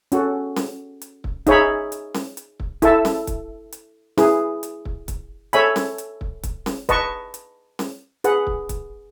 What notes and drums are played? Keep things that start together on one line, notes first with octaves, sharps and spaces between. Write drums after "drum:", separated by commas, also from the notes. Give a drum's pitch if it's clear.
C#4 F#4 A4, drum: hi-hat
drum: snare C#4
drum: hi-hat
drum: kick
D#4 G#4 C#5 E5 B5, drum: kick, hi-hat
drum: hi-hat
drum: snare C#4
drum: hi-hat
drum: kick
E4 A4 E5 A5, drum: kick, hi-hat
drum: snare C#4
drum: kick, hi-hat
drum: hi-hat
E4 G#4 B4, drum: snare C#4
drum: hi-hat
drum: kick
drum: kick, hi-hat
A4 C#5 E5 G#5 B5, drum: hi-hat
drum: snare C#4
drum: hi-hat
drum: kick
drum: kick, hi-hat
drum: snare C#4
B4 D#5 A5 C#6, drum: kick, hi-hat
drum: hi-hat
drum: snare C#4
G#4 B4 F#5, drum: hi-hat
drum: kick
drum: kick, hi-hat